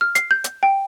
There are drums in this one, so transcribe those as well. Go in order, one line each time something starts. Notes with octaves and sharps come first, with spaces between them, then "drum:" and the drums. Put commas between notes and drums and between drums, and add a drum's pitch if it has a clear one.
F6
C7, drum: hi-hat
G6
drum: hi-hat
G5